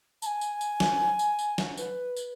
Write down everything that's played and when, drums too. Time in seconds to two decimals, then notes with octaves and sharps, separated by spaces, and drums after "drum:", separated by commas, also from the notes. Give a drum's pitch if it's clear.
0.22 A5, drum: tambourine
0.26 G#5
0.41 drum: tambourine
0.61 drum: tambourine
0.80 drum: snare
1.19 drum: tambourine
1.39 drum: tambourine
1.58 drum: snare
1.77 B4, drum: tambourine
2.17 drum: tambourine